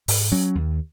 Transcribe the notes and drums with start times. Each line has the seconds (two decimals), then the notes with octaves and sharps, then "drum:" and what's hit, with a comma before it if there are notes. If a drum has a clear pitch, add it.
0.08 G#2, drum: open hi-hat
0.32 F#3 C#4
0.55 D#2